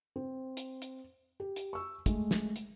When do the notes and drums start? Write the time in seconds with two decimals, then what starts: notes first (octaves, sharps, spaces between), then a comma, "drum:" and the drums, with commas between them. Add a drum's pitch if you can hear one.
0.16 C4
0.57 drum: hi-hat
0.82 drum: hi-hat
1.40 G4
1.56 drum: hi-hat
1.73 C#6 E6
2.06 G#3 A3, drum: kick, hi-hat
2.31 drum: snare
2.56 drum: hi-hat